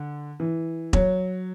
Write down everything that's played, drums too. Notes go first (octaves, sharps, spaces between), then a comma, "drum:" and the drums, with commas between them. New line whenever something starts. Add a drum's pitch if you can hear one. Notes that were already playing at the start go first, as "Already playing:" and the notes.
Already playing: D3
E3
F#3, drum: kick E1